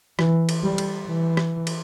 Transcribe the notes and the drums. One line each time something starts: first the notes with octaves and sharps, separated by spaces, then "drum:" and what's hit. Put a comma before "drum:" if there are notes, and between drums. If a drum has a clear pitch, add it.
E3, drum: rim click
drum: cymbal
G3
drum: cymbal
E3
drum: rim click
drum: cymbal